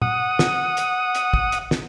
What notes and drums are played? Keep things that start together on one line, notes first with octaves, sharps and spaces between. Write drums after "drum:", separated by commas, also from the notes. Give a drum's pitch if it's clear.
F#5 D#6, drum: tom
drum: snare
drum: hi-hat
drum: hi-hat
drum: kick
drum: hi-hat
drum: snare